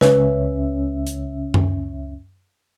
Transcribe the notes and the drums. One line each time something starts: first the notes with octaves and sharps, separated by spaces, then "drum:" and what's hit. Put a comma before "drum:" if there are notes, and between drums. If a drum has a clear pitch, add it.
C#2 C#4 B4 E5, drum: snare
drum: hi-hat
drum: tom F#2